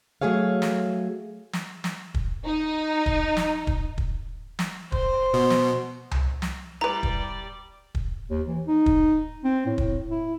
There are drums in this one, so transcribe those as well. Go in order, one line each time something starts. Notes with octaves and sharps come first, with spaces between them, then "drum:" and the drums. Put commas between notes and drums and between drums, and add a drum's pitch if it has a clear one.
F#3 A3 G#4 C#5 F5
drum: snare
drum: snare
drum: snare
drum: kick
D#4
drum: kick
drum: snare
drum: kick
drum: kick
drum: snare
C5, drum: kick
B2
drum: snare
drum: tom C2
drum: snare
G3 E4 B4 D5 A#5
drum: kick
drum: kick
D#2
E3
D#4
drum: kick
C4
A2
drum: kick
E4